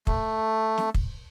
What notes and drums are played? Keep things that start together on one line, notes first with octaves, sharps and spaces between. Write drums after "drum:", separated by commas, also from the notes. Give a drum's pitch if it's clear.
A3, drum: kick
drum: snare
drum: kick